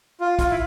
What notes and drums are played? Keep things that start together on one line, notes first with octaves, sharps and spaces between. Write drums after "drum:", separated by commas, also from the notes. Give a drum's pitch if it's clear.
F4
F4, drum: kick B1, hi-hat
E4